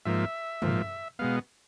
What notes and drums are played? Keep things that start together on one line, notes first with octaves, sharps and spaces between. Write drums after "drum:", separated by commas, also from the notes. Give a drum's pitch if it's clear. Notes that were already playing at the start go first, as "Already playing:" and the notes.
G#2 F3 A#3 E5
G#2 F3 A#3, drum: tom
B2 G#3 B3 F5